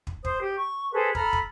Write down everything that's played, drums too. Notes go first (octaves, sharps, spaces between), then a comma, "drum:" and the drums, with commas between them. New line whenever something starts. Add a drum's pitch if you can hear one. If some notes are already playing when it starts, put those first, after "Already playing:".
drum: kick
C5 D#6, drum: kick
G4
C#6
G#4 A4 B4 C5
A4 A#5 B5 F6, drum: kick
drum: kick